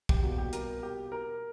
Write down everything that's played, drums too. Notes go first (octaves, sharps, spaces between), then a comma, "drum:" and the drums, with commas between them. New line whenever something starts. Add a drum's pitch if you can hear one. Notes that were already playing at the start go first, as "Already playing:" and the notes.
G4, drum: kick
B2 G3 A#3 F#4
G4
A#4, drum: hi-hat
G4
A#4